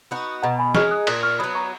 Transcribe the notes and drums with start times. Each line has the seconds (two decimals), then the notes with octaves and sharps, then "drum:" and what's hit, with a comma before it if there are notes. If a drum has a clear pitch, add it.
0.11 B3 D#4 F#4
0.42 B2 F#5 A#5
0.59 G#5 B5
0.75 G#3 D#4 C#6 F6, drum: snare
0.91 D#6 F#6
1.07 A#2 D#6 F#6, drum: cymbal
1.23 C#6 F6
1.39 F#3 B3 B5 D#6
1.55 A#5 C#6